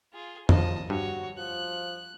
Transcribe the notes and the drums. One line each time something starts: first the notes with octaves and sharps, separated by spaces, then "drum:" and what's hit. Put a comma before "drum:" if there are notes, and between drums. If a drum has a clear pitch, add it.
F4 G#4
F3 D#5 A5, drum: tom F2
G2 F#4 C#5
F3 F#6